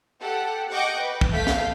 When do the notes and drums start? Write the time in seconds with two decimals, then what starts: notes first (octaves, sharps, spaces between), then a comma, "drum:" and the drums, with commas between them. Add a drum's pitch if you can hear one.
0.22 G4 A4 F#5
0.71 D#5 F#5 G5 C#6 D6 G6
1.01 B4
1.21 drum: kick
1.32 A3 F5 G6 B6
1.47 drum: snare